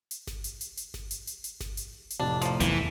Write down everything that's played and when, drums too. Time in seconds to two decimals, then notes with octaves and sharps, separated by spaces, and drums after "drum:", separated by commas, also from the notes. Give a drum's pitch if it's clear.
0.11 drum: hi-hat
0.27 drum: snare G1
0.44 drum: hi-hat
0.61 drum: hi-hat
0.77 drum: hi-hat
0.94 drum: snare G1
1.11 drum: hi-hat
1.27 drum: hi-hat
1.44 drum: hi-hat
1.61 drum: snare G1
1.77 drum: hi-hat
2.10 drum: hi-hat
2.20 F1 A2 C3 D4
2.42 F3 A#3, drum: hi-hat
2.60 E2 E3, drum: hi-hat